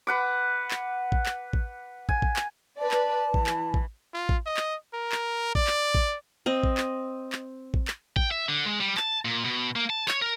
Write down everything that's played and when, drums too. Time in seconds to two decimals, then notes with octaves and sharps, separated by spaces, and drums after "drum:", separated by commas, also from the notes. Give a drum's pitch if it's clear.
0.07 B4 F#5 D6
0.71 drum: clap
1.12 drum: kick
1.26 drum: clap
1.53 drum: kick
2.09 G#5, drum: kick
2.22 drum: kick
2.36 drum: clap
2.78 B4 D5 A5
2.91 drum: clap
3.34 E3, drum: kick
3.46 drum: clap
3.74 drum: kick
4.14 F4
4.29 drum: kick
4.46 D#5
4.57 drum: clap
4.94 A#4
5.12 drum: clap
5.55 D5, drum: kick
5.67 drum: clap
5.95 drum: kick
6.46 C4 D#5
6.64 drum: kick
6.77 drum: clap
7.32 drum: clap
7.74 drum: kick
7.88 drum: clap
8.16 G5, drum: kick
8.31 E5
8.49 D3
8.66 G#3
8.80 G3
8.97 A5, drum: clap
9.25 A#2
9.45 B2
9.76 A#3
9.90 A5
10.08 C#5, drum: clap
10.22 A#4